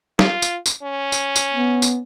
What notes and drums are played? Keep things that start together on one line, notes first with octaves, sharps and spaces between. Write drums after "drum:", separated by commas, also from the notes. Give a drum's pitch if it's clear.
F4, drum: snare
drum: tambourine
drum: tambourine
C#4
drum: tambourine
drum: tambourine
B3
drum: tambourine